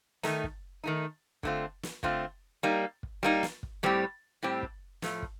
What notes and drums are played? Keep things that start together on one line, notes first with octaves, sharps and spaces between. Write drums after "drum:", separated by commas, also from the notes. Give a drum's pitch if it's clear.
D#3 A3 D#4, drum: snare
drum: kick
D#3 A3 D#4
D3 A3 C4 F4, drum: kick
drum: snare
D3 A3 C4 F4, drum: kick
G3 A#3 D#4
drum: kick
G3 A#3 D#4
drum: snare
drum: kick
A2 G3 C4 G4
A2 G3 C4 G4
drum: kick
A2 F3 A3, drum: snare
drum: kick